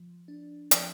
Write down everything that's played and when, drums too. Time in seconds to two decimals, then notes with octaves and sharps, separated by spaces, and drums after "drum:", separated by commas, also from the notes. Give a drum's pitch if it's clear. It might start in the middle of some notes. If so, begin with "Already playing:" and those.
Already playing: F3
0.28 D4
0.71 F3, drum: hi-hat